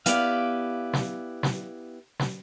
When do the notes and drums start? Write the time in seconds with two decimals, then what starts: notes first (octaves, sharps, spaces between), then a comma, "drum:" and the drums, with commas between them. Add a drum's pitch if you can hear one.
0.06 B3 E4 G4 D5 F5, drum: hi-hat
0.93 drum: snare
1.43 drum: snare
2.19 drum: snare